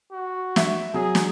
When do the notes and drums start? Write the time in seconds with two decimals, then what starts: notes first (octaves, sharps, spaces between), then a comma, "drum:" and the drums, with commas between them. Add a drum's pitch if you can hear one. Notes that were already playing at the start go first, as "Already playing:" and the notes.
0.12 F#4
0.56 E5, drum: snare
0.94 F#3 G#4
1.15 drum: snare